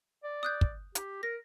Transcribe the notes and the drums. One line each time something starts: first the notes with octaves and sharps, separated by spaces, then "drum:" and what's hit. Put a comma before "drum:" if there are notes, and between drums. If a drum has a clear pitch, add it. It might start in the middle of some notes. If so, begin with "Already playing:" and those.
D5
D#6 F#6 G6
drum: kick
G4, drum: hi-hat
A#4 A#6